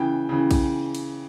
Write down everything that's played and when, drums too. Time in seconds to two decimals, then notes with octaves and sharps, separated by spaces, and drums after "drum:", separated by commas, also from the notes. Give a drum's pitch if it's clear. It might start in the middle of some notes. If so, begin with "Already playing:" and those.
Already playing: C#3 E3 G5
0.29 C#3 E3
0.51 drum: kick A#1, cymbal
0.95 drum: cymbal